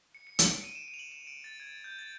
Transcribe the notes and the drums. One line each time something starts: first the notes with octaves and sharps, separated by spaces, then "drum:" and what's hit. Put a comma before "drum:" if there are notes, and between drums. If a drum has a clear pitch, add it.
C#7
C#7
D7, drum: hi-hat
D7
D#7
E7
E7
F7
F#7
E7
D7
A6
G#6
G6
A6